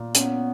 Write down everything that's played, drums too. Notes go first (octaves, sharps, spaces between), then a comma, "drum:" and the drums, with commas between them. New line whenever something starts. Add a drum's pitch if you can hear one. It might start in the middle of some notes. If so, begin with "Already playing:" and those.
Already playing: A#2
B3 C#4, drum: hi-hat